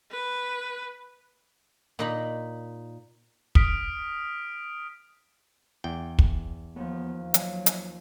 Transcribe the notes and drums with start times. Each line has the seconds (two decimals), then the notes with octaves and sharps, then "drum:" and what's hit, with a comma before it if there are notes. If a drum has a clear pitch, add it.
0.11 B4
1.99 A#2 D#4 B5
3.55 D#6 F6 B6 D7, drum: kick
5.84 E2 G5
6.19 drum: kick
6.76 D#2 F3 B3
7.34 F#3, drum: hi-hat
7.66 drum: hi-hat